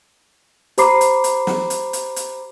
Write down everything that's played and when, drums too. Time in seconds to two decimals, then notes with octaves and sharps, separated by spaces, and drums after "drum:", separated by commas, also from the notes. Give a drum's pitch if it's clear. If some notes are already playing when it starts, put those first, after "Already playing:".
0.78 G4 C5 A#5 B5 D6 C7, drum: hi-hat
1.01 drum: hi-hat
1.24 drum: hi-hat
1.47 drum: snare
1.70 drum: hi-hat
1.93 drum: hi-hat
2.16 drum: hi-hat